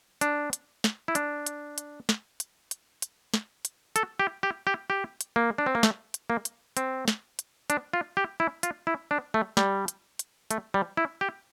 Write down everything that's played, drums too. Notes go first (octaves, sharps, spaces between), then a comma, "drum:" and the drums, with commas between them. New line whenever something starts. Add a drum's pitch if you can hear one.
D4, drum: hi-hat
drum: hi-hat
drum: snare
E4
D4, drum: hi-hat
drum: hi-hat
drum: hi-hat
drum: snare
drum: hi-hat
drum: hi-hat
drum: hi-hat
drum: snare
drum: hi-hat
A4, drum: hi-hat
G4
G4
G4
G4
drum: hi-hat
A#3
D4
C4
A#3
A3, drum: snare
drum: hi-hat
A#3
drum: hi-hat
C4, drum: hi-hat
drum: snare
drum: hi-hat
D4, drum: hi-hat
F4
G4
E4
F4, drum: hi-hat
E4
D4
A3
G3, drum: snare
drum: hi-hat
drum: hi-hat
A3, drum: hi-hat
G3
E4
G4